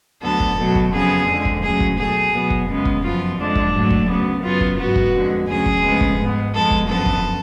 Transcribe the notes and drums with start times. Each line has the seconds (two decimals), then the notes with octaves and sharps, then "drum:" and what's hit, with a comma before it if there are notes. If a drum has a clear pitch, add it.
0.23 D2 D3 F#3 B3 A4
0.40 drum: kick
0.57 B2 F#3 A3
0.75 drum: kick
0.93 F2 C#3 F#3 B3 G#4
1.27 F2 D3 F3 G#3
1.45 drum: kick
1.63 D2 C#3 F#3 G#4
1.80 drum: kick
1.98 B2 F#3 A3 G#4
2.33 B2 F#3 B3
2.50 drum: kick
2.68 F#2 C#3 G#3 B3
2.85 drum: kick
3.02 F#2 F3 B3 F4
3.37 F2 D3 G#3 D4
3.55 drum: kick
3.73 G#2 F#3 A3
3.91 drum: kick
4.08 D2 C#3 F#3 B3
4.43 F#2 C#3 F#3 B3 F4
4.61 drum: kick
4.78 G#2 F#3 B3 F#4
4.96 drum: kick
5.13 F2 D3 G#3
5.48 D2 C#3 F#3 G#4
5.66 drum: kick
5.83 D2 C#3 F3 G#3 B3
6.01 drum: kick
6.18 G#2 G#3 B3
6.54 F2 F3 G#3 B3 A4
6.71 drum: kick
6.88 F#2 D3 F3 B3 A4
7.06 drum: kick